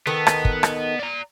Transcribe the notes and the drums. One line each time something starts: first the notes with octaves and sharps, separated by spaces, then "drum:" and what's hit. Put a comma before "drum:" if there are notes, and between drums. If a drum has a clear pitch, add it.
D#3 B3 D#4 A4
drum: rim click
drum: kick
drum: rim click
D5 A#5